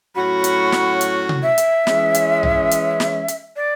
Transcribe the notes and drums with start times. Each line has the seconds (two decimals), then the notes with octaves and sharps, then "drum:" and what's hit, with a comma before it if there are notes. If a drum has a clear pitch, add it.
0.15 A2 F#3 C#4 F#4 B5
0.44 drum: hi-hat
0.72 drum: snare
1.01 drum: hi-hat
1.29 drum: tom C3
1.43 E5
1.58 drum: hi-hat
1.87 E3 G#3 C#4, drum: snare
2.14 drum: hi-hat
2.43 drum: tom B1
2.71 drum: hi-hat
3.00 drum: snare
3.28 drum: hi-hat
3.56 D5